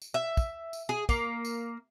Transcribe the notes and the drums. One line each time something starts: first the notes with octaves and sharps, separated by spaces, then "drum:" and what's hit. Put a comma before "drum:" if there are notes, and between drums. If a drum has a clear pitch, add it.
drum: tambourine
E5
drum: kick, tambourine
drum: tambourine
G#4
A#3, drum: kick, tambourine
drum: tambourine